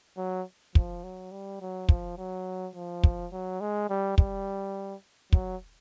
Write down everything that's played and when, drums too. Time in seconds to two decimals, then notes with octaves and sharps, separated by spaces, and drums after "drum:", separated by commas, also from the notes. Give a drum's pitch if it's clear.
0.17 F#3
0.75 F3, drum: kick
1.04 F#3
1.32 G3
1.61 F#3
1.89 F3, drum: kick
2.18 F#3
2.75 F3
3.04 drum: kick
3.32 F#3
3.61 G#3
3.90 G3
4.18 G3, drum: kick
5.33 F#3, drum: kick